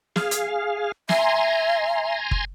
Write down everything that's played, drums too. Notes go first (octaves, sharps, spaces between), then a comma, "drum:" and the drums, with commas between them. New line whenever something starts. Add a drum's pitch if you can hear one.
G#4 F5, drum: snare
drum: hi-hat
E5 G#5 A#5 C6, drum: snare
drum: kick F#1